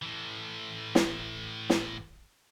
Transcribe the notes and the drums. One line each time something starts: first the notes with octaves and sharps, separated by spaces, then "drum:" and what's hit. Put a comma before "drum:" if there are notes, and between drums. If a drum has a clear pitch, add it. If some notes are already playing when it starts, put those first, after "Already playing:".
A2 E3
drum: snare
drum: snare